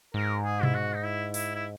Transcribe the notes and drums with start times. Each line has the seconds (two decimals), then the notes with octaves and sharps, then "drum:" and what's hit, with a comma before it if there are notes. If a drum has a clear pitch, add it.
0.14 G#2 A#4
0.44 G#4
0.63 E4, drum: tom B2
0.75 F#4
0.95 D#4
1.04 E4
1.34 E4, drum: open hi-hat
1.55 E4